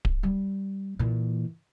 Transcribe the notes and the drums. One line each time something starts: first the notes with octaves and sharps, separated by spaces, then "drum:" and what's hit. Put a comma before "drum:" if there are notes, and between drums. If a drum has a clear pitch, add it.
drum: kick D1
G3
A#2 E3